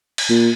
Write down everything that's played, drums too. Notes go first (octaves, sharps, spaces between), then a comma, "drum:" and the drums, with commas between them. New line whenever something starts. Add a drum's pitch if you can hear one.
drum: cymbal
A#2